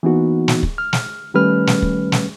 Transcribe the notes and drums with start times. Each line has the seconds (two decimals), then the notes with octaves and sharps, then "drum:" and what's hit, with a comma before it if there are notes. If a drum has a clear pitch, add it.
0.03 E3 A#3 B3 D#4 F#4
0.48 drum: snare
0.63 drum: kick
0.78 F6
0.93 drum: snare
1.34 D#3 G3 A3 C#4 B4 F6
1.67 drum: snare
1.82 drum: kick
2.12 drum: snare